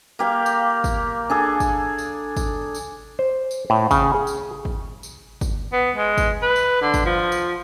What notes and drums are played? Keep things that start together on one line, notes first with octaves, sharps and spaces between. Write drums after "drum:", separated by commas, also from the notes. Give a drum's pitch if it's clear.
A#3 G4 F5
drum: tambourine
drum: kick, tambourine
D4 G#4 A4
drum: kick, tambourine
drum: tambourine
drum: kick, tambourine
drum: tambourine
C5
drum: tambourine
A2
C#3, drum: kick, tambourine
G#4
drum: tambourine
drum: kick
drum: tambourine
drum: kick, tambourine
B3
G#3
drum: kick, tambourine
B4
drum: tambourine
D3
drum: kick, tambourine
F3
drum: tambourine